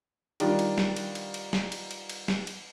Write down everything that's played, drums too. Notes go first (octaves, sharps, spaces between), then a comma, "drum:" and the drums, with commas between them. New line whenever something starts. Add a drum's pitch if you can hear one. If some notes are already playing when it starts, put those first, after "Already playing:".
D#3 G3 D4 F4, drum: cymbal
drum: cymbal
drum: snare
drum: cymbal
drum: cymbal
drum: cymbal
drum: snare
drum: cymbal
drum: cymbal
drum: cymbal
drum: snare
drum: cymbal